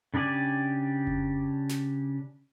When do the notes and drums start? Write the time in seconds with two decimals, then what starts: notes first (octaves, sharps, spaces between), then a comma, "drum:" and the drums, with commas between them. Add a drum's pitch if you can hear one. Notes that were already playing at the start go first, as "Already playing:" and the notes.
0.14 C#3 D4 G4 D5 G#5
1.07 drum: kick F1
1.69 drum: snare